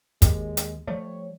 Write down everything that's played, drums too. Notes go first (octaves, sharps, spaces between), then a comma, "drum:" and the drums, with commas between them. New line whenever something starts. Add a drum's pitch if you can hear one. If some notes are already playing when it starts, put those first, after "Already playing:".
D#2 G#3, drum: kick, hi-hat
drum: hi-hat
F3 G3 A3 C#5